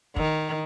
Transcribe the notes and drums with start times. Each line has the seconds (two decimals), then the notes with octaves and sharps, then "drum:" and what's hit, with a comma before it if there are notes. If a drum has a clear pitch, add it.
0.16 D#3, drum: kick